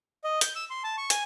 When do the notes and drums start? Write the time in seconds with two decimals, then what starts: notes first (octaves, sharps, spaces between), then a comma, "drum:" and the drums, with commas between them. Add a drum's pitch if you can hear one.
0.24 D#5
0.41 G6, drum: hi-hat
0.55 E6
0.70 C6
0.84 A5
0.97 C#6
1.10 G#5, drum: hi-hat